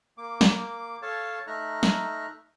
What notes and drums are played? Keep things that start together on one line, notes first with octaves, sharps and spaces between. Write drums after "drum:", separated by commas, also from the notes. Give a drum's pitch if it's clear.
A#3 D6
drum: snare
A4 C#5 F5 A5
A3 D#4 E5 A#5 F6 F#6
drum: snare